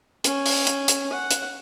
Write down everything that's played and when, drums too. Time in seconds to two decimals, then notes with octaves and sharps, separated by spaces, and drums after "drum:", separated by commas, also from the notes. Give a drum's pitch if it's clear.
0.24 C#4, drum: hi-hat
0.46 drum: open hi-hat
0.67 drum: hi-hat
0.88 drum: hi-hat
1.13 F#5
1.31 drum: hi-hat